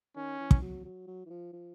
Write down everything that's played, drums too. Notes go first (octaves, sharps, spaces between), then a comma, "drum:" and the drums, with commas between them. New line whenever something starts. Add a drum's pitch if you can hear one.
D#3 C#4
E3
drum: kick
F#3
F#3
F#3
E3
F3
F3